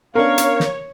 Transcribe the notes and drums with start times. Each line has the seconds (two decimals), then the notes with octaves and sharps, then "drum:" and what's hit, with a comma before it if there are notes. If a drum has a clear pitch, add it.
0.15 B3 C#4 D4 A#4 C#5 F5
0.38 drum: hi-hat
0.60 drum: snare